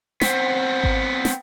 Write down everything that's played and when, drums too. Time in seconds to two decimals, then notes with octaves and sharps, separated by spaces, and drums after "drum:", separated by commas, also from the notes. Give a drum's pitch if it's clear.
0.21 B3 C4, drum: snare
0.84 drum: kick G#1
1.25 drum: snare